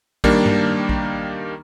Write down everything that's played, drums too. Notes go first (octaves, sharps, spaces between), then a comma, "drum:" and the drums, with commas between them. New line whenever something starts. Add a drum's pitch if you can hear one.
D#3 G3 A#3 D4, drum: kick A#1
drum: tom G2
drum: kick A#1